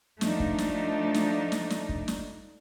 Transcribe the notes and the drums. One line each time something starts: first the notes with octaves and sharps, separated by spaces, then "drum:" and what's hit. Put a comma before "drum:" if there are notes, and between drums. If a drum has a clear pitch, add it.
F3 A3 D4 D#4, drum: snare
drum: kick
drum: snare
drum: snare
drum: snare
drum: snare
drum: kick
drum: snare